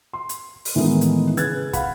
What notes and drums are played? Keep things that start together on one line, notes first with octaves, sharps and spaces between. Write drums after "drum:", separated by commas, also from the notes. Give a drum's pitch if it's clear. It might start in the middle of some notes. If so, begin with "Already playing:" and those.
C6
drum: hi-hat
drum: open hi-hat
A2 D#3 E3 G#3 B3 D#4
drum: hi-hat
C#3 G#4 B4 F#6 G#6 A6, drum: hi-hat
F5 F#5 B5, drum: kick, hi-hat